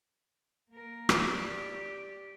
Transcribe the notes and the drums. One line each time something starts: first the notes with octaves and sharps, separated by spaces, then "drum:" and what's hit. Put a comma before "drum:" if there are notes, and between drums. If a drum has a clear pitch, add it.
A#3 A#4
drum: rim click
G4 D5